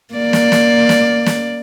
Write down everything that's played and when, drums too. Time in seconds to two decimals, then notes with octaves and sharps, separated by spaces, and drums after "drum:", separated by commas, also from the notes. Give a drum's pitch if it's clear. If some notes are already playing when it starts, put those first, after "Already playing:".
0.14 A#3 D5
0.33 drum: snare
0.52 drum: snare
0.89 drum: snare
1.26 drum: snare